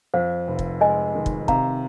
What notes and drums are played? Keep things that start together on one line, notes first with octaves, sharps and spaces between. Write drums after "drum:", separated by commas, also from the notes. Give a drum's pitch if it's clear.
F2 C5 F5
F1
drum: kick
G#3 D#5 G#5
D#3
drum: kick
C3 F5 A#5, drum: kick